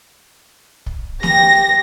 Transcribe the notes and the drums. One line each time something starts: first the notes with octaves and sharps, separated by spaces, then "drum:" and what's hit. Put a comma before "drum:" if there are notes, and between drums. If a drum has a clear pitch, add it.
drum: kick
G4 A#6, drum: snare